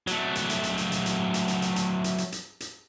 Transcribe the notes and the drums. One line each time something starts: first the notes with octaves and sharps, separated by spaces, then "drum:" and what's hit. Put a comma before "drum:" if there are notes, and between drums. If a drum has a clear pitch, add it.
F#3 A3, drum: hi-hat
drum: hi-hat
drum: hi-hat
drum: hi-hat
drum: hi-hat
drum: hi-hat
drum: hi-hat
drum: hi-hat
drum: hi-hat
drum: hi-hat
drum: hi-hat
drum: hi-hat
drum: hi-hat
drum: hi-hat
drum: hi-hat